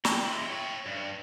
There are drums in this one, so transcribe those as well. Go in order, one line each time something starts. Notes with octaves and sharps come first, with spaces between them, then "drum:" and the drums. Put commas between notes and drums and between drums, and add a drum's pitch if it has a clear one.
G5, drum: snare
G#3 E4
C#5 G5
G2